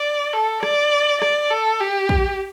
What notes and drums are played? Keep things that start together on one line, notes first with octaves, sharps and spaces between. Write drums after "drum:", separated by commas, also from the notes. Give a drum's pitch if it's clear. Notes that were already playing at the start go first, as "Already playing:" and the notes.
Already playing: D5
A4
D5, drum: rim click
D5, drum: rim click
A4
G4
drum: kick